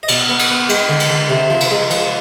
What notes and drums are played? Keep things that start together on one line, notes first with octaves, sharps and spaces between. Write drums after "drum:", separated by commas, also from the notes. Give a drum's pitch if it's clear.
D#5
B2 D5, drum: cymbal
B3
drum: cymbal
B3
G#3 G5, drum: cymbal
D3
drum: cymbal
D3
C3
F3
drum: cymbal
G#3
F3, drum: cymbal